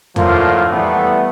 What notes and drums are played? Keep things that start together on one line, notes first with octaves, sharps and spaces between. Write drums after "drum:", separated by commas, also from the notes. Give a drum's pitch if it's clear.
A2 D3 F3 A#3 F4, drum: tom E2
E3 G3 A3 B3